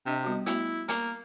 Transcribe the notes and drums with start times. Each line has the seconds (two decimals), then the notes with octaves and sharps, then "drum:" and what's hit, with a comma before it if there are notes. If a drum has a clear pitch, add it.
0.06 C3 D4 D#5
0.24 G3 B3 F#4
0.46 A3 B3 E4 F#4, drum: hi-hat
0.88 A#3, drum: hi-hat